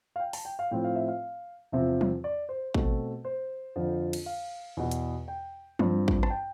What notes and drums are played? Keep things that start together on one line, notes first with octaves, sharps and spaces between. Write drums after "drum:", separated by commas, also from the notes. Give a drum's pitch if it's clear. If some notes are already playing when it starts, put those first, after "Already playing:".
F5
G5
A5, drum: open hi-hat
G5
F5
A2 F3 C4 G5
F5
E5
F5
E2 C3 F3 C4 E5
drum: tom
D5
C5
B2 A3 C4, drum: kick A1
C5
F2 D3 F3
drum: cymbal
F5
E2 B2 B3
drum: hi-hat
G5
G2 F3 C4, drum: tom
drum: kick A1
A5, drum: rim click
G5